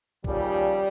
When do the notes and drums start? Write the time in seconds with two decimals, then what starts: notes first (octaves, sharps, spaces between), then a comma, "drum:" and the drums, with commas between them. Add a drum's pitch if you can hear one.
0.24 D#2 C#3 F3 G3, drum: kick